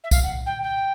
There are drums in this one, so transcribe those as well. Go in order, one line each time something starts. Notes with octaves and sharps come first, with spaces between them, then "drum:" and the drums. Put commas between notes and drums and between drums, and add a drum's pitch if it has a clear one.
E5
F5, drum: kick, tambourine
F#5
G5
G5